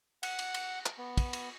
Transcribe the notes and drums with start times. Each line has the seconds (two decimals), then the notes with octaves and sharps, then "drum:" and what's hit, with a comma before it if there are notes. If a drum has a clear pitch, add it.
0.23 F#5, drum: cymbal
0.39 drum: cymbal
0.54 drum: cymbal
0.86 drum: clap
0.98 B3
1.17 drum: kick, cymbal
1.33 drum: cymbal